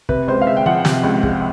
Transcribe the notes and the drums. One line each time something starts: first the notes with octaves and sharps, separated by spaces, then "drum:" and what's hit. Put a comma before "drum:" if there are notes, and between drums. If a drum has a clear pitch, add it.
C3 B4, drum: kick
C#2 C5
F5
G#3 E5
G5
F3 F#5
C3, drum: snare
C#2
G#3, drum: kick